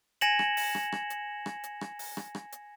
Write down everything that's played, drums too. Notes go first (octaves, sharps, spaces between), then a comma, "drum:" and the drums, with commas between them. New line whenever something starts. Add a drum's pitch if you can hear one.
G#5 G#6 A#6 C#7 E7 F#7, drum: hi-hat
drum: rim click
drum: open hi-hat
drum: rim click
drum: rim click
drum: hi-hat
drum: rim click
drum: hi-hat
drum: rim click
drum: open hi-hat
drum: rim click
drum: rim click
drum: hi-hat